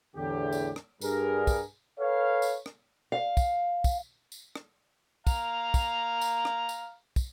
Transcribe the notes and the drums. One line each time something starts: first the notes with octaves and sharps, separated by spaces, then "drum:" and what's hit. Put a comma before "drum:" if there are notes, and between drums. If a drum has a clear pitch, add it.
E2 A2 D3 G4
drum: tambourine
drum: rim click
G2 G3 G#4 A#4, drum: tambourine
drum: kick, tambourine
A4 B4 C#5 F5
drum: tambourine
drum: rim click
F5
drum: kick, tambourine
drum: kick, tambourine
drum: tambourine
drum: rim click
F5 A#5, drum: kick, tambourine
drum: kick, tambourine
drum: tambourine
drum: rim click
drum: tambourine
drum: kick, tambourine